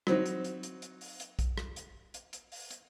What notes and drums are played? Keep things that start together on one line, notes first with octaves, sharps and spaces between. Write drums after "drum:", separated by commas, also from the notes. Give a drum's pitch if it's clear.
F#3 C4 D#4, drum: rim click
drum: hi-hat
drum: hi-hat
drum: hi-hat
drum: hi-hat
drum: open hi-hat
drum: hi-hat
drum: kick, hi-hat
drum: rim click
drum: hi-hat
drum: hi-hat
drum: hi-hat
drum: open hi-hat
drum: hi-hat